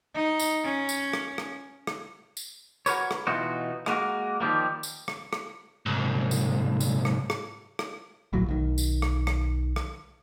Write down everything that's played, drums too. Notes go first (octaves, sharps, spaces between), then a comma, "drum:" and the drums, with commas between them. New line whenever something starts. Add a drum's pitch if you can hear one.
D#4
drum: tambourine
C#4
drum: tambourine
drum: rim click
drum: rim click
drum: rim click
drum: tambourine
F#4 A#4 B4 C#5, drum: tambourine
drum: rim click
B2 E3 D#4 F4 F#4
G#3 A#3 B3 F#4 A#4, drum: rim click
D#3 F3 G3 A#3
drum: tambourine
drum: rim click
drum: rim click
C2 G#2
drum: tambourine
drum: tambourine
drum: rim click
drum: rim click
drum: rim click
D1 A#1 A2 F#3
B1 D#3
drum: tambourine
drum: rim click
drum: rim click
drum: rim click